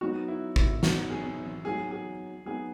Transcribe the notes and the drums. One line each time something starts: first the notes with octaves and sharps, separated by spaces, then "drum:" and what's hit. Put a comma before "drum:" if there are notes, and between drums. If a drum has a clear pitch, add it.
F#3 B3 D#4 F#4
E4
E4, drum: kick G#1
F#3 B3 D#4 F#4, drum: snare
G#4
F#3 B3 D#4 G#4
G#4
F#3 B3 D#4 G#4